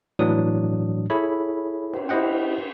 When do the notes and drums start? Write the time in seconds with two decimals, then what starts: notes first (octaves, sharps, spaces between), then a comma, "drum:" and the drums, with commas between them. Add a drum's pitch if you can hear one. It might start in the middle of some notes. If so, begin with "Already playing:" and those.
0.19 A2 E3 F#3 D4 D#6
1.10 E4 G#4 A4 C#5 B5
1.93 drum: cymbal
2.09 E4 G4 C5 D#5 F#5 G5